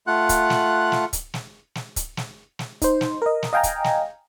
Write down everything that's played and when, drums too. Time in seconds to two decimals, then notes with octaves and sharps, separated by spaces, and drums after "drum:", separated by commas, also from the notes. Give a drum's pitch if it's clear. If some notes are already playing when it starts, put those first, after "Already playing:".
0.07 A3 F4 F#5 F#6
0.29 drum: kick, hi-hat
0.50 drum: snare
0.92 drum: snare
1.13 drum: kick, hi-hat
1.34 drum: snare
1.75 drum: snare
1.96 drum: kick, hi-hat
2.17 drum: snare
2.59 drum: snare
2.82 D#4 C5, drum: kick, hi-hat
3.01 drum: snare
3.22 A#4 D#5
3.43 drum: snare
3.53 D#5 F5 G5 G#5 A#5
3.63 drum: kick, hi-hat
3.84 drum: snare